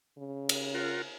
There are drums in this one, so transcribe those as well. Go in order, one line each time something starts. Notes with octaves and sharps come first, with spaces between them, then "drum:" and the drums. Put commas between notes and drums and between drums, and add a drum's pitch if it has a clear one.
C#3
drum: cymbal
F4 A#4 F#5